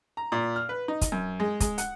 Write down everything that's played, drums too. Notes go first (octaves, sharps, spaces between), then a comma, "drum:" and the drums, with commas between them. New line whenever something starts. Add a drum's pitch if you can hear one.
A#5
A#2
F6
B4
D#4
drum: kick, hi-hat
F#2
G#3
G#3, drum: kick, hi-hat
F#5, drum: hi-hat